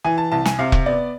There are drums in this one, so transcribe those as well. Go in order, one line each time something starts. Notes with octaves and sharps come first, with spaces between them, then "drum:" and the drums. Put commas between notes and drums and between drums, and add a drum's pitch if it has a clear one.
E3 G#5
A5
C2 A5
G#5, drum: snare
C3 F5
drum: kick E1
B3 D5